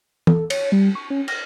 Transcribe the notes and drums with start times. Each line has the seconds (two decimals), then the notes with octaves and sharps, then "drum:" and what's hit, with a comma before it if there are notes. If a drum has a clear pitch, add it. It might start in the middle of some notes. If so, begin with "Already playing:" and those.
0.27 A4, drum: tom
0.50 C#5, drum: cymbal
0.72 G3
0.95 C#6
1.10 C#4
1.28 A#6, drum: cymbal